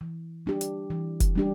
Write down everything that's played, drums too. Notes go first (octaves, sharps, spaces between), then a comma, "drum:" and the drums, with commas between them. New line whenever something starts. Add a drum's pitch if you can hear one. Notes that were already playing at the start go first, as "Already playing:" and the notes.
E3
G3 D4 G4
drum: hi-hat
E3
drum: kick F1, hi-hat
G3 D4 G4